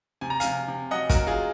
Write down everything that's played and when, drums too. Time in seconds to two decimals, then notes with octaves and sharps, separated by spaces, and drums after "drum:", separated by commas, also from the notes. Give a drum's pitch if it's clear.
0.21 C3 G#5
0.30 A#5
0.40 C3 F5 G#5, drum: hi-hat
0.68 C3
0.91 F#3 D#5 F#5
1.09 F#4 A#4, drum: kick, hi-hat
1.15 F#3
1.27 F4 G#4